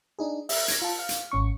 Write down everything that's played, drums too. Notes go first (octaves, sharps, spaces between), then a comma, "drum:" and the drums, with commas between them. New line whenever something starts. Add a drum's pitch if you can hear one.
D4 D#4 G#4
E5, drum: open hi-hat
G#6 A#6, drum: hi-hat
F4 A5
F5
drum: hi-hat
G#1 C#4 C#6